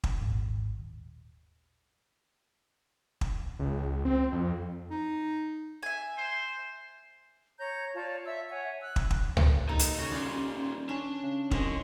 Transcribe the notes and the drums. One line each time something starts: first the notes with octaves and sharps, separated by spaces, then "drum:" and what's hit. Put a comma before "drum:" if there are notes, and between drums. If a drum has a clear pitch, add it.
drum: kick
D#1 G#1
drum: kick
C#2
C4
F2
D#4
E5 G#5
C5
C#5 A#5 G6
F4 C#5 D5 A5
E5 A5 E6
C#5 E5 F#5 G#5
E6 F#6
drum: kick
drum: kick
drum: tom C#2
D#2 D#4 A4 A#5
drum: hi-hat
C#3 C#4 F#4
D#1 G3 C#4 D4 F4
C#4 D4
C#3
C2 D3 F3 C#4 D#5, drum: kick